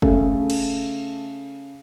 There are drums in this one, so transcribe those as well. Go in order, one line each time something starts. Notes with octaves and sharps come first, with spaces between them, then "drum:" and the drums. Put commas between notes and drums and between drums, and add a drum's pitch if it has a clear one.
C#3 A3, drum: kick
drum: cymbal